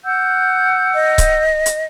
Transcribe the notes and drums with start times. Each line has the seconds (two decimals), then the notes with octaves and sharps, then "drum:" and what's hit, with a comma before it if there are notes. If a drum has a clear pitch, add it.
0.05 F#5 E6 G6
0.94 D#5
1.18 drum: kick C#1, hi-hat
1.66 drum: hi-hat